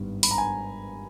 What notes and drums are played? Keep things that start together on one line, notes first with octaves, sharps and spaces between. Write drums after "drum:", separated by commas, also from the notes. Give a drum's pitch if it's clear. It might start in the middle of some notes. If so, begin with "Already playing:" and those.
Already playing: G#1 G2 G3 B3
B5, drum: open hi-hat
A#5
G#5